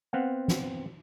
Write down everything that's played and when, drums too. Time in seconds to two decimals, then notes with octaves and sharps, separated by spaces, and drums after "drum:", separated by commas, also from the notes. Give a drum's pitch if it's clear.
0.13 B3 C4 F5 F#5
0.48 drum: snare